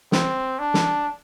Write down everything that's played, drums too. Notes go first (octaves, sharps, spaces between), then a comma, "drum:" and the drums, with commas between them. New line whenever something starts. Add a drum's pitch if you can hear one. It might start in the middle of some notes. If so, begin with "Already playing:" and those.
C4, drum: snare
D4
drum: snare